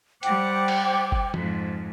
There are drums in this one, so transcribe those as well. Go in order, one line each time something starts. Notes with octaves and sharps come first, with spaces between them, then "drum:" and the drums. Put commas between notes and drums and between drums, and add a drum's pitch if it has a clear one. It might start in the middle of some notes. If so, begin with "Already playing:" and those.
G3 C5 F#5 G5 D6, drum: hi-hat
drum: cymbal
drum: kick F#1
F2 G#2, drum: tom